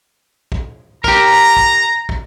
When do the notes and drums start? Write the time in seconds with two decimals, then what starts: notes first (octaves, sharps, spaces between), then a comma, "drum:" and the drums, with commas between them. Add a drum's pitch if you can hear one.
0.52 drum: kick
1.04 G4 A#4 A#5, drum: kick
1.57 drum: kick
2.09 drum: kick